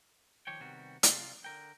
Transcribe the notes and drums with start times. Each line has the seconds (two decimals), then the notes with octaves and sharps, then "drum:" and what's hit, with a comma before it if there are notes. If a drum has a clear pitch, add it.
0.47 D#3 F3 G4 C#5 G5
0.61 C3 D#3 G3 B3 F#4
1.03 C3 F4, drum: hi-hat
1.44 D3 A#4 G5